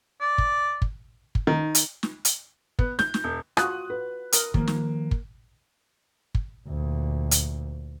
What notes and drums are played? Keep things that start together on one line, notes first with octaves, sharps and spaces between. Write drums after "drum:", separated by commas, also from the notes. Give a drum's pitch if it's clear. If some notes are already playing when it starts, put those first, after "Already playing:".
D5
drum: kick
drum: kick
drum: kick
D#3
drum: hi-hat
drum: snare
drum: hi-hat
B3, drum: kick
G6, drum: snare
drum: snare
E1
F4 F#4 D#6 F#6, drum: rim click
B4
A#4 D#6, drum: hi-hat
D#3 F3 A#3, drum: kick
drum: snare
drum: kick
drum: kick
D2 A#2
drum: hi-hat